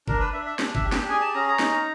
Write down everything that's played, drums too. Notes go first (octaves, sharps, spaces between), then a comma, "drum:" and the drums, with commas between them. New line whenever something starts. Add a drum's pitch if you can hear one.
D4 A#4, drum: kick G1
B4
D4 E5
E5
D4, drum: snare
E5, drum: kick G1
G4
G5, drum: snare
G#4 G#5
A5
C#4 A#5
A#5
D#4, drum: snare